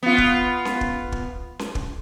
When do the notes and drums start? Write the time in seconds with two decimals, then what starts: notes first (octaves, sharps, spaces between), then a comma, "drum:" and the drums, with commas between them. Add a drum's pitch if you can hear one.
0.03 B3 F4
0.18 drum: kick
0.65 drum: snare C#4
0.81 drum: kick
1.12 drum: kick
1.59 drum: snare C#4
1.75 drum: kick